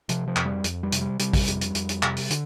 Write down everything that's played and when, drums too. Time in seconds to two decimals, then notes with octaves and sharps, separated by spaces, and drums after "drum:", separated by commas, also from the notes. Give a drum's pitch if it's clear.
0.09 C3 F3, drum: hi-hat
0.28 F3
0.36 F2, drum: clap
0.46 G3
0.64 F2, drum: hi-hat
0.83 G3
0.92 C3, drum: hi-hat
1.01 G3
1.19 C3 G3, drum: hi-hat
1.33 drum: kick, open hi-hat
1.48 F2, drum: hi-hat
1.61 drum: hi-hat
1.75 F2, drum: hi-hat
1.89 drum: hi-hat
2.03 C3, drum: clap
2.17 drum: open hi-hat
2.30 D3, drum: hi-hat